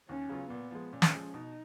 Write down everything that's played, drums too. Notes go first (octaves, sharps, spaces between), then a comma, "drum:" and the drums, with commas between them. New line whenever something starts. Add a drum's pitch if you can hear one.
D#2 C#4
C#3 F#3 B3 F4
A#2 B3
F3 G#3
A#2 C#4
drum: snare
F3 G#3
B2 D#4